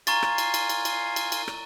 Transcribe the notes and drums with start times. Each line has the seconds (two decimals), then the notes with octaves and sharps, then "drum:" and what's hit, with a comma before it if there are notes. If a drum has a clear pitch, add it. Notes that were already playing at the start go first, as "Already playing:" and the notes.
0.07 F5 G#5 A#5 C6 C#6 A6, drum: cymbal
0.23 drum: rim click
0.38 drum: cymbal
0.54 drum: cymbal
0.69 drum: cymbal
0.85 drum: cymbal
1.16 drum: cymbal
1.32 drum: cymbal
1.48 drum: rim click